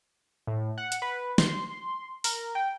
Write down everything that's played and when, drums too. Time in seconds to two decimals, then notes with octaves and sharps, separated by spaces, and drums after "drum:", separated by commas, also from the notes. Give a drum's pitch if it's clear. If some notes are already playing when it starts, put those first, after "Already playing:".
0.47 A2
0.78 F#5
0.92 drum: hi-hat
1.02 B4
1.38 C6, drum: snare
2.24 A#4, drum: open hi-hat
2.55 G5